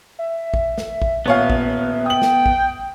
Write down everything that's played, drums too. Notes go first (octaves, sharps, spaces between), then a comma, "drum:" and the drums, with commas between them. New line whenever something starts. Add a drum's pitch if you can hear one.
E5
drum: kick A1
drum: snare
drum: kick A1
D#1 B3 C#5 F5
drum: kick A1
G5 D#6 F#7
drum: snare
drum: kick A1